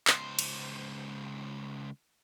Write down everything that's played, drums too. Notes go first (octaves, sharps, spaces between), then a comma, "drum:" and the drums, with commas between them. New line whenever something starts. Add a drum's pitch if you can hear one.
C#2 C5, drum: clap
drum: cymbal